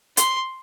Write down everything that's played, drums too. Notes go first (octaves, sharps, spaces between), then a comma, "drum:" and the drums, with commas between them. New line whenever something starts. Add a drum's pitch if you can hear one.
C6, drum: hi-hat